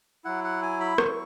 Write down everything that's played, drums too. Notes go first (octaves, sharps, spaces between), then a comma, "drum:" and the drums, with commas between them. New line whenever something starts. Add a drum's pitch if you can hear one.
F#3 E4 F#5
F#5
G#5
B5
F#3 E4 C#6, drum: rim click